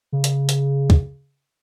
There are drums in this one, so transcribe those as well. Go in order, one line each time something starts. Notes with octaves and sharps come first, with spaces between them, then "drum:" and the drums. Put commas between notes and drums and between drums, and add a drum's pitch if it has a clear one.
C#3
drum: hi-hat
drum: hi-hat
drum: kick